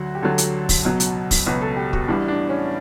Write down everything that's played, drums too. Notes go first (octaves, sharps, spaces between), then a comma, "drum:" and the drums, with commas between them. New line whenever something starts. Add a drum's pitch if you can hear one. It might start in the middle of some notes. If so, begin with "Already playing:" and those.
Already playing: D2 D3 F#3 F#4
G4
D2 D3 F#3 A4
drum: hi-hat
drum: kick, open hi-hat
C#2 B2 F#3
drum: hi-hat
drum: kick, open hi-hat
C#2 B2 F#3 B4
A4
G4
F#4, drum: kick
A1 A2 G3 D4
D4
C#4